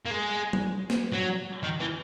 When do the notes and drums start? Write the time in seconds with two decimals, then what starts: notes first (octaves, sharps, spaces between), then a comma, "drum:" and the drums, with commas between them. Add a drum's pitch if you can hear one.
0.05 A#3
0.10 G#3
0.53 drum: tom F#3
0.90 drum: snare
1.13 F#3
1.63 D#3
1.80 E3